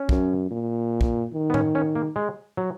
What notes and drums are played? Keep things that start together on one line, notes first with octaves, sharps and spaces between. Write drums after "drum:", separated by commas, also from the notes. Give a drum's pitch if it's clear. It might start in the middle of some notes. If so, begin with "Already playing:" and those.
Already playing: C#4
F#2, drum: kick
A#2
drum: kick
D#3
B3
C#4, drum: tom A2
C#4
A#3
G#3
F#3